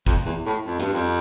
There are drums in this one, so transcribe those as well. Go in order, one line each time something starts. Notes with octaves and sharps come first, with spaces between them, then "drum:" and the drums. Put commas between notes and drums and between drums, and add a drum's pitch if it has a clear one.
F2, drum: kick
E2
A2
F2
G2, drum: hi-hat
F2